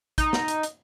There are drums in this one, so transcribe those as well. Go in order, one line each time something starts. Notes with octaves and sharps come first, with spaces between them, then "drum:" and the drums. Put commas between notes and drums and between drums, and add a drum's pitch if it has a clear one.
D#4, drum: kick, hi-hat
drum: snare
drum: hi-hat
drum: hi-hat